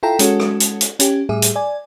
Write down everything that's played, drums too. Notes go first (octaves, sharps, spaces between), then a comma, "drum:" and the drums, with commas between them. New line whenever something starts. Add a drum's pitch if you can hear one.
E4 F4 A4 G5 A#5
G#3 C#4 F#4 A4, drum: hi-hat
drum: rim click
drum: hi-hat
drum: hi-hat
C#4 G4, drum: hi-hat
A2 G3 G#4 E5
drum: hi-hat
D5 G#5